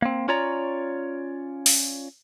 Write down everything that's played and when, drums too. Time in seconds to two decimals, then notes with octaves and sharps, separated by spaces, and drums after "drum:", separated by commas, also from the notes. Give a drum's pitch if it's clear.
0.02 A#3 C4
0.28 C#4 F4 C#5 D5 A#5
1.66 drum: open hi-hat